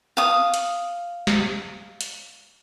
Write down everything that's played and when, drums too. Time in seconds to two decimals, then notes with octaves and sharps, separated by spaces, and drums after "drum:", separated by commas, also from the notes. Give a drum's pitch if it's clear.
0.17 F5 D#6
0.54 drum: hi-hat
1.27 drum: snare
2.01 drum: hi-hat